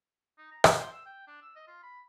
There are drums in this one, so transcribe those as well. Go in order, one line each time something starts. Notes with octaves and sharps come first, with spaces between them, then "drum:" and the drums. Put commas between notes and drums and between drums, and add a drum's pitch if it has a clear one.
D#4
A#5
G#4, drum: rim click
C5
E6
G5
D4
E6
D#5
F4
B5